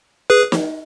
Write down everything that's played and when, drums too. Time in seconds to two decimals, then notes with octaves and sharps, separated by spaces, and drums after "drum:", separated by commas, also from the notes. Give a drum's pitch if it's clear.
0.30 G#4 B4
0.52 drum: snare